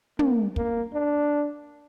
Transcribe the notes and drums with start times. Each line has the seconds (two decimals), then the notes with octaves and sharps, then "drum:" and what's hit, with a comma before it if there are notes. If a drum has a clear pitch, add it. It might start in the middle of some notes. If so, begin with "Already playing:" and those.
0.19 A#3, drum: tom
0.56 A#3, drum: kick
0.94 D4